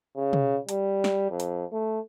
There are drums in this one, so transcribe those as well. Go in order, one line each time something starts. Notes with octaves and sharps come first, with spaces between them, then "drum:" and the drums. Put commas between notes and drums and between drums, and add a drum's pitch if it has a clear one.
C#3
drum: tom
G3, drum: hi-hat
drum: snare
F2
drum: hi-hat
A3